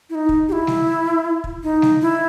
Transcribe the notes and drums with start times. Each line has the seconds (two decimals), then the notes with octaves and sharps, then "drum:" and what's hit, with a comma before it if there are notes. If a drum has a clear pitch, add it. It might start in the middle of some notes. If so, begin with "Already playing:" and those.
0.10 E4
0.15 D#4
0.29 drum: kick
0.48 G4
0.52 E4
0.67 drum: snare G3
1.44 drum: kick
1.63 D#4
1.82 drum: snare G3
2.01 E4